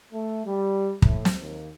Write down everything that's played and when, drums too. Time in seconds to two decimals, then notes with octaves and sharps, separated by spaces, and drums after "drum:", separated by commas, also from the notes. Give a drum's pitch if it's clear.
0.13 A3
0.46 G3
1.02 A2, drum: kick
1.25 drum: snare
1.40 D#2